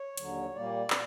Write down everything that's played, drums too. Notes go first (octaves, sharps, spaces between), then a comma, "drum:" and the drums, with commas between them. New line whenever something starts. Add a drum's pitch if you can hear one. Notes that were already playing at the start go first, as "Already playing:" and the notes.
Already playing: C#5
D#2 D3 F#3, drum: hi-hat
A#2 G3 A#3 D5
A#2, drum: clap